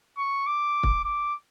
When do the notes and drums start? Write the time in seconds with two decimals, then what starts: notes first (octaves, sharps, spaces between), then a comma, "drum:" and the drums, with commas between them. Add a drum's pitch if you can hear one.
0.18 C#6
0.47 D6
0.83 drum: kick
1.05 D6